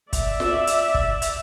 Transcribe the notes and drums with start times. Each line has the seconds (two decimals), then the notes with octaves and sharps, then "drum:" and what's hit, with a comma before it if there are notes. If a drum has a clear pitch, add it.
0.13 D5 E5, drum: kick, hi-hat
0.40 drum: snare F4
0.67 drum: hi-hat
0.94 drum: kick
1.22 drum: hi-hat